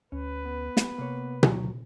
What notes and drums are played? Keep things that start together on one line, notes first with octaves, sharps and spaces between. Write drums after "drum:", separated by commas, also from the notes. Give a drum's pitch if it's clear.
D2 C#4 B4
B3
drum: snare
C3 A#3 C#5
D2 F#3, drum: tom B2